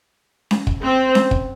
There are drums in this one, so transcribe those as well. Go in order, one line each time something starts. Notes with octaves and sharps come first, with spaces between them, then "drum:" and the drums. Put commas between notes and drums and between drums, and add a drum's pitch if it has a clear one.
drum: snare C#4
drum: kick
C4
drum: snare C#4
drum: kick